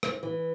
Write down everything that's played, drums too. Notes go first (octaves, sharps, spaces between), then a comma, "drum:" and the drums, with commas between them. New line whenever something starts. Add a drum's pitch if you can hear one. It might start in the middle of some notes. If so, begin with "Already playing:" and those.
drum: rim click
E3